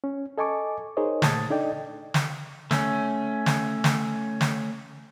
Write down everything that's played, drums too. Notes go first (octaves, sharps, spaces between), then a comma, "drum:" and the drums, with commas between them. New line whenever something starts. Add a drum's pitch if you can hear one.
C#4
A4 D#5 G#5 A5 C#6 D6
D#4 G#4 A#4 C5 C#5 D#5
A#2 A3 A5 D#6 G#6 A6, drum: snare
D4 D#4 A4 D5 D#5 G5
drum: snare
A3 C#4, drum: snare
drum: snare
drum: snare
drum: snare